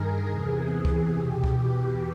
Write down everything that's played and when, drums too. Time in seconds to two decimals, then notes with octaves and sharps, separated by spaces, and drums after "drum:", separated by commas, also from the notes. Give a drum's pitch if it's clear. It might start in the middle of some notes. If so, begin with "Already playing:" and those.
Already playing: G2 D#3 G#4 A#4
0.27 E2 C3 E3
0.85 drum: kick C#2
1.14 E2 B2 G4
1.44 G4, drum: kick C#2
1.73 G4